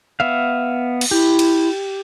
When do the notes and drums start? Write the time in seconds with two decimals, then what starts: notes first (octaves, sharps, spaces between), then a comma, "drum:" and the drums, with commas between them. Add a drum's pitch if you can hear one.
0.20 B3 E5 F5
1.01 drum: cymbal
1.11 E4 G4
1.39 drum: cymbal